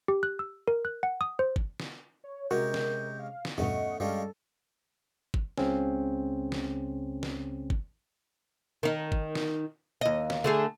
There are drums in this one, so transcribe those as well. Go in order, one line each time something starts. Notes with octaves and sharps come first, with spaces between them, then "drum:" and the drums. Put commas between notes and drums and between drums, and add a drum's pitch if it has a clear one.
G4
F#6
E6
A#4
F#6
F#5
D#6
C5
drum: kick
drum: snare
C#5
C3 G#3 C#4 F#4 A#4 G6
drum: snare
F5
drum: snare
E2 G2 B2 A3 C#4 D#5 F#5
G2 G3 G#3 C#4 A4 F5
drum: kick
C#2 C#3 C4 C#4, drum: snare
drum: snare
drum: snare
drum: kick
D#3 D#4
drum: kick
drum: snare
D#2 D#5
drum: snare
D3 A3 G#4